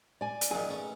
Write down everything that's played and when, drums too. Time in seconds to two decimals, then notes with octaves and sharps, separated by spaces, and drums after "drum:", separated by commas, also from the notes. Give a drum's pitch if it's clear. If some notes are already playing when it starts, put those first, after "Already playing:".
0.21 D5 G#5
0.41 drum: hi-hat
0.51 F#2 A#2 D#3 G#4
0.69 A1 C#4